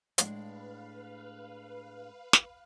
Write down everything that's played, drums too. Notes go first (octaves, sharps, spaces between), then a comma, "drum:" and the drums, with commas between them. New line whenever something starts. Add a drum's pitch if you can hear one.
A2 G#3 D4 B4 F5, drum: hi-hat
drum: snare